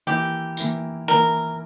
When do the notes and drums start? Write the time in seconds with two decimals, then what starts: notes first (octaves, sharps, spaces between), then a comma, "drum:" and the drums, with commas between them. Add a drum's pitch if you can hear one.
0.07 E3 A#3 E4 G4
0.57 E3 A#3 E4, drum: tambourine
1.08 E3 A#3 E4 A#4, drum: hi-hat